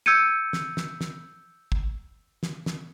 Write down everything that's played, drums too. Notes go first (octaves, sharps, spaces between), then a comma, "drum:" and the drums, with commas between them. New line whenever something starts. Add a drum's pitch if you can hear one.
E6 G6 G#6 C#7 D#7
drum: snare
drum: snare
drum: snare
drum: kick
drum: snare
drum: snare